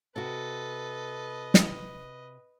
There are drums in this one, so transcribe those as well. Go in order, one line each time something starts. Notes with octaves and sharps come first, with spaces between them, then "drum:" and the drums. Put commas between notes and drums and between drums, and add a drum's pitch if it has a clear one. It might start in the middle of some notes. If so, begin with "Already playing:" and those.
C3 F#4 A4 B4 D#5
drum: snare